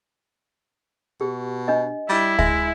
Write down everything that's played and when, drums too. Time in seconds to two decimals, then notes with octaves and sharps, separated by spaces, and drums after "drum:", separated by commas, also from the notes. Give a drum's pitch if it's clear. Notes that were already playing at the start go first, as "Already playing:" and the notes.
1.21 B2 G4
1.68 D4 D#5
2.09 G3 E4
2.39 G#3 E5, drum: kick